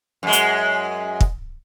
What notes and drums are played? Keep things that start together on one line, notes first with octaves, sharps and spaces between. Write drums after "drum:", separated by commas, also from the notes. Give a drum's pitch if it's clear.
F#2 G#3
drum: hi-hat
drum: kick